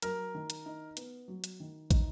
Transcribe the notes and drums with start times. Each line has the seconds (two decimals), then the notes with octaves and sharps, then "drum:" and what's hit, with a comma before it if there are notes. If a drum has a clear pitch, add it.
0.02 F#3 A#4, drum: hi-hat
0.35 D#3
0.50 drum: hi-hat
0.66 D#4
0.97 B3, drum: hi-hat
1.28 F#3
1.44 drum: hi-hat
1.60 D#3
1.91 D#4, drum: kick, hi-hat